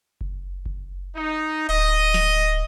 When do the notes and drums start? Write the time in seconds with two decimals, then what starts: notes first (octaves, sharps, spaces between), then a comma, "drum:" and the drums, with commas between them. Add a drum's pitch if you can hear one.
0.21 drum: kick F#1
0.66 drum: kick F#1
1.16 D#4
1.69 D1 D#5, drum: cymbal
2.14 drum: snare